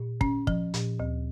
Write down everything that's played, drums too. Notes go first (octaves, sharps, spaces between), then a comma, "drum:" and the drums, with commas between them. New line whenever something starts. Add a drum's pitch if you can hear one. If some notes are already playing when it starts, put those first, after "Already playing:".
Already playing: A#2
C#4, drum: kick
F3, drum: kick
A#2, drum: hi-hat
D2